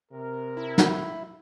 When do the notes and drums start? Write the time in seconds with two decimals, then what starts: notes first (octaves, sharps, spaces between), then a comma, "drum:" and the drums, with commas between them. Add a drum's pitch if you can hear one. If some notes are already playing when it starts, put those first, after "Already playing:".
0.12 C3 A#4
0.57 E4
0.78 drum: snare